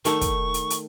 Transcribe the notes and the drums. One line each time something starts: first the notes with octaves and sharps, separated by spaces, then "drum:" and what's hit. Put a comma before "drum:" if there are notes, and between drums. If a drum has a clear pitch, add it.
D#3 A3 C#6, drum: hi-hat
drum: kick, hi-hat
drum: hi-hat
drum: hi-hat